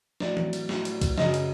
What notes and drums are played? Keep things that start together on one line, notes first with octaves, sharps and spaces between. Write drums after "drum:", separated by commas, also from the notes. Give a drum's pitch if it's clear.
A2 F#3 D5, drum: snare
drum: tom
drum: cymbal
A2 F#3, drum: snare
drum: cymbal
drum: kick, cymbal
F#2 C#3 F#3 D#5, drum: snare
drum: cymbal